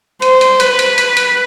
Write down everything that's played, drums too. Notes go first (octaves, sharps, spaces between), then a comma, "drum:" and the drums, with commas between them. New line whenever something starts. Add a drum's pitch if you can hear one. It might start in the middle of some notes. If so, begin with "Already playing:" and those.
C5, drum: hi-hat
drum: hi-hat
B4, drum: hi-hat
drum: hi-hat
drum: hi-hat
drum: hi-hat